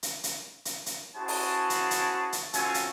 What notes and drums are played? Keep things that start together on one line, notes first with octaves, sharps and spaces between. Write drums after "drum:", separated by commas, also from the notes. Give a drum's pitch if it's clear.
drum: hi-hat
drum: hi-hat
drum: hi-hat
drum: hi-hat
C#4 E4 F#4 G#4 C5 A5
drum: open hi-hat
drum: hi-hat
drum: hi-hat
drum: hi-hat
C4 C#4 F4 F#4 A4 G#5, drum: hi-hat
drum: hi-hat